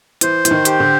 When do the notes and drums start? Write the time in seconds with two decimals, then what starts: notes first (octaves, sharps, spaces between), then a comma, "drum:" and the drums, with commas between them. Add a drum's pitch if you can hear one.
0.21 E3 C5, drum: hi-hat
0.45 E3, drum: hi-hat
0.51 D#3
0.65 G4, drum: hi-hat
0.80 D3